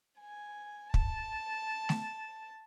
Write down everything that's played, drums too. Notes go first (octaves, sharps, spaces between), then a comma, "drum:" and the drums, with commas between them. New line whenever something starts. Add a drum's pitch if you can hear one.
G#5
A5, drum: kick
drum: snare A3